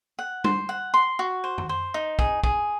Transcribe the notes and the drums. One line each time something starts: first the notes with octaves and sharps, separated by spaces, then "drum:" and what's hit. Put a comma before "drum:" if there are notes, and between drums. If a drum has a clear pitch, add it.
F#5
C5, drum: tom
F#5
C6
F#4
C5
drum: tom
C5
D#4
G#4, drum: kick
G#4, drum: kick